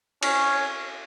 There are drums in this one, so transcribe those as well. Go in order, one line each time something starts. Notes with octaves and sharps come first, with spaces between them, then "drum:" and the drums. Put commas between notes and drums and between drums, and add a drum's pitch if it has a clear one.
C#4, drum: cymbal